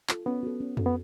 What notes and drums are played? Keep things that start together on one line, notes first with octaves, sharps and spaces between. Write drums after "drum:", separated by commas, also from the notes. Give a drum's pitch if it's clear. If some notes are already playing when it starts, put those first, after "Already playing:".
F4 A4, drum: clap
B3 C#4
F#4 A4
C#4
F#4 A4, drum: tom F2
B3